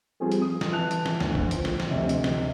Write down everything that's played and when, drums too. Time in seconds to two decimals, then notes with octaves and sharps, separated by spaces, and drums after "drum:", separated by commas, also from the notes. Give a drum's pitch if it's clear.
0.20 F3 G3 C4 F4 G#4 A4
0.32 drum: hi-hat
0.42 D#6
0.61 drum: snare
0.73 E3 A5 F#6 F7
0.91 drum: hi-hat
1.06 drum: snare
1.20 D2, drum: snare
1.35 drum: kick
1.51 F4 C5, drum: hi-hat
1.65 drum: snare
1.80 drum: snare
1.89 D2 C3 D#5
2.09 drum: hi-hat
2.24 drum: snare